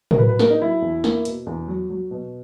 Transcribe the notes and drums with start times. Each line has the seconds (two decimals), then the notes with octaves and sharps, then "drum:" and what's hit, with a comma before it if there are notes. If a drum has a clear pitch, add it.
0.11 A#4, drum: tom A2
0.18 F#3 B4
0.29 B4
0.39 A#3 A#4, drum: snare
0.50 D#4
0.61 F#3 E4
0.82 E2
1.04 A#3, drum: snare
1.25 B2, drum: hi-hat
1.46 E2
1.68 F#3
1.90 F#3
2.11 B2